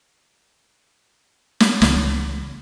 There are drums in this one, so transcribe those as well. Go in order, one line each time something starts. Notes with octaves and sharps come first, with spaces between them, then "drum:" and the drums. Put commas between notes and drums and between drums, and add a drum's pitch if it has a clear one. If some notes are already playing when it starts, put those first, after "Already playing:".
drum: snare
C#2 E3, drum: snare